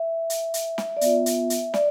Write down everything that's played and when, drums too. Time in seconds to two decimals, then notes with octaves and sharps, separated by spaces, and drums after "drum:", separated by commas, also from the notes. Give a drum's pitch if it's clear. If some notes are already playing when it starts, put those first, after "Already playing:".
Already playing: E5
0.30 drum: hi-hat
0.54 drum: hi-hat
0.78 drum: snare
0.97 D5
1.01 B3 F4 E5, drum: hi-hat
1.26 drum: hi-hat
1.50 drum: hi-hat
1.74 D5, drum: snare